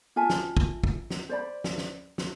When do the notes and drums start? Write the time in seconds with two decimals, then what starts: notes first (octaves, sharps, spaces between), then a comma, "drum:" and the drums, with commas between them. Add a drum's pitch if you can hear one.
0.16 F4 E5 G#5 A5
0.30 drum: snare
0.57 drum: kick
0.84 drum: kick
1.10 drum: snare
1.29 C5 D5 B5
1.64 drum: snare
1.78 drum: snare
2.18 drum: snare